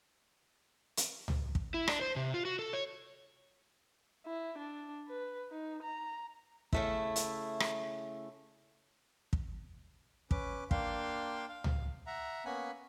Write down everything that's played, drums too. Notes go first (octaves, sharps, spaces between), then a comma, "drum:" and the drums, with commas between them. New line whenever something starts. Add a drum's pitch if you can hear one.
drum: hi-hat
drum: tom C#2
drum: kick
E4
D4, drum: rim click
C5
C3
F4
F#4
A4
C#5
E4
D4
B4
D#4
A#5
C#3 A3 E4, drum: kick
drum: hi-hat
drum: rim click
drum: kick
C#4 B4 D6, drum: kick
A#3 D4 F5 G5 C6, drum: kick
F5
drum: tom C#2
E5 F#5 A#5
A#3 B3 C#4 F#5 G#5 B5